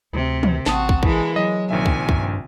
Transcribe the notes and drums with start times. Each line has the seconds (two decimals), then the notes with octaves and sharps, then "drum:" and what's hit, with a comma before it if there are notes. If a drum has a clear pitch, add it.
0.13 D2 C3
0.43 drum: tom
0.66 A1 C4 F#4 A5 D#6, drum: snare
0.89 drum: kick
1.03 E3 G#3 A#3, drum: kick
1.36 F#3 G#3 D#5
1.70 A#1 C3 D#3 E5 G#5
1.86 drum: kick
2.09 G2, drum: kick